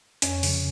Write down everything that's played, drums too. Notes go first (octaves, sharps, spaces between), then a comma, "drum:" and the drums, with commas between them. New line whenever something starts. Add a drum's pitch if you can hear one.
F2 C#4, drum: hi-hat
C#3 F3, drum: open hi-hat